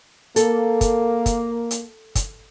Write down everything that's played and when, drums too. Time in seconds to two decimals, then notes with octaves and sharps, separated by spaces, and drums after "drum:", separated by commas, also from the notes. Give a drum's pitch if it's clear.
0.36 A#3 A4, drum: hi-hat
0.81 drum: kick, hi-hat
1.26 drum: kick, hi-hat
1.71 drum: hi-hat
2.15 drum: kick, hi-hat